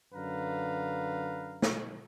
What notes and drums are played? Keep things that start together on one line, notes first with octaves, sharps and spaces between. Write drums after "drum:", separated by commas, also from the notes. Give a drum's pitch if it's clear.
F#2 D3 B4 F5 A#5
drum: snare